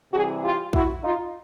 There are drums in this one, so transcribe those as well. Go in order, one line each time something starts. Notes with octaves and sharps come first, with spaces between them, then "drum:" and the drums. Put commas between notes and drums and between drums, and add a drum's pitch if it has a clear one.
C3 E3 G3 F#4 G#4
F4 G4
E4 F#4, drum: kick A#1
D#4 F4